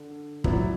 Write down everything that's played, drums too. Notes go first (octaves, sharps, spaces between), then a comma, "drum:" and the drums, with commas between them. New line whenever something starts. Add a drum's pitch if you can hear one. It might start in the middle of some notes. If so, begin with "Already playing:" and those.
Already playing: D3
A#2 F#3 B3 E4, drum: kick